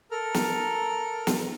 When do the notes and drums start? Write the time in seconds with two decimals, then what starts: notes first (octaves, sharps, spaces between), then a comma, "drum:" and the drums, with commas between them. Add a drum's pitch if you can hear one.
0.11 A4 A#4 A#5 F6
0.34 drum: snare
1.27 drum: snare